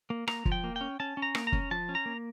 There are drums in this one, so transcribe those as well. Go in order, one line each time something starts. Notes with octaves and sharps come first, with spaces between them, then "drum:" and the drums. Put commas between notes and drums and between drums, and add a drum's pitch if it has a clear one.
A#3
A#3 A#5, drum: rim click
F3, drum: kick
G5
A#3
C#4 G5
C#4 A5
C#4
A#5
A#3, drum: rim click
A#5
C#4, drum: kick
F3 A5
C#4
A#5
A#3